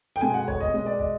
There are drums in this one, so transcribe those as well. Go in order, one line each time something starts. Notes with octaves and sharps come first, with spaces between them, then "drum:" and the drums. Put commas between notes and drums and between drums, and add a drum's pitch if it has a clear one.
G5
B2 G#3 G#5
F#5
C#5, drum: kick
D#5, drum: kick
B2 G#3 D#5
D5
D#5, drum: kick